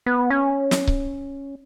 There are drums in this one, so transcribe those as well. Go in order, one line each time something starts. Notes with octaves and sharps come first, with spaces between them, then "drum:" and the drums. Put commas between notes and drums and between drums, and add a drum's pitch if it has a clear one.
B3
C#4
drum: snare
drum: kick C#1